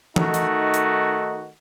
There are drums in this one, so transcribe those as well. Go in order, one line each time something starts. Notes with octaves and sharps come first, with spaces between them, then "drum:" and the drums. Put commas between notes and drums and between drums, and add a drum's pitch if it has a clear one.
D#3 A3 D#4 F#4, drum: tom
drum: hi-hat
drum: hi-hat